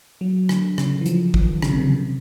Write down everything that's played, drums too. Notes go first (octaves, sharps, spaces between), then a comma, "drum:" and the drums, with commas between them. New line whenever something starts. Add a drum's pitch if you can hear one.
F#3
D3, drum: rim click
C#3, drum: rim click
E3
F3, drum: hi-hat
D#3, drum: kick
C#3, drum: rim click
C3
C#3
C3